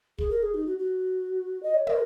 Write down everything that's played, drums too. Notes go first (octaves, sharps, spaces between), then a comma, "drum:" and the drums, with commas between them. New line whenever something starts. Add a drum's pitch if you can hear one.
G#4, drum: kick
A#4
G#4
D#4
F#4
F#4
D#5
C#5
A#4, drum: tom